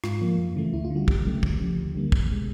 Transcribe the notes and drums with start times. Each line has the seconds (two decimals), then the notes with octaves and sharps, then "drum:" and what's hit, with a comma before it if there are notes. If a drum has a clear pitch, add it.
0.04 G#2 F4, drum: rim click
0.21 F3 A#3
0.38 F#2
0.56 C#3 E3 A3
0.73 D2 E4
0.85 F4
0.90 D3
0.95 G3 F#4
1.08 C#2 G4, drum: kick
1.25 C#3 F#3 A3
1.43 D2, drum: kick
1.60 C#3 F3
1.77 D2
1.95 D3 G3 A#3
2.12 E2, drum: kick
2.29 B2 G#3